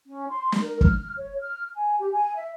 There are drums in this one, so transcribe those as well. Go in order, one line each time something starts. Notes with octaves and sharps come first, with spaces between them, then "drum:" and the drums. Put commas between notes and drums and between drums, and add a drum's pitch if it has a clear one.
C#4
C6
drum: snare
A#4
F6, drum: kick
C#5
F6
G#5
G4
G#5
E5